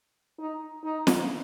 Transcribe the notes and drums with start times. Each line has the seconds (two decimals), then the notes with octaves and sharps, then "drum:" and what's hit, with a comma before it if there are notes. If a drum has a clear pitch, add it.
0.39 D#4
0.84 D#4
1.07 drum: snare